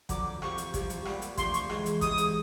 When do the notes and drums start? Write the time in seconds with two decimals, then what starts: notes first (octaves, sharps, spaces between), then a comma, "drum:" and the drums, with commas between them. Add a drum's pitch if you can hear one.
0.09 F2 D3 F#3 D6, drum: kick A1, hi-hat
0.42 F2 C3 F3 C#6, drum: rim click
0.58 drum: hi-hat
0.74 C2 C3 F3, drum: kick A1, hi-hat
0.90 drum: hi-hat
1.05 A#2 G3 B3, drum: rim click
1.22 drum: hi-hat
1.37 C3 F3 A3 D4 C6, drum: kick A1, hi-hat
1.54 C#6, drum: hi-hat
1.70 F2 C#3 E3 G#3, drum: rim click
1.86 drum: hi-hat
2.01 C3 E3 G#3 C#4 D#6, drum: kick A1, hi-hat
2.18 drum: hi-hat